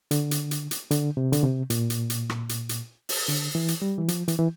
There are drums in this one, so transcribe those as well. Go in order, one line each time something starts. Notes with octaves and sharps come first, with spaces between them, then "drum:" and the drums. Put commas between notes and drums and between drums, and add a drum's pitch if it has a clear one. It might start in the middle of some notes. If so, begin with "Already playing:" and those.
D3, drum: hi-hat
drum: hi-hat
drum: hi-hat
drum: hi-hat
D3, drum: hi-hat
C3
D3, drum: hi-hat
C3
A#2, drum: hi-hat
drum: hi-hat
drum: hi-hat
drum: rim click
drum: hi-hat
drum: hi-hat
drum: open hi-hat
D3, drum: hi-hat
E3
drum: hi-hat
G3
E3
F3, drum: hi-hat
E3, drum: hi-hat
E3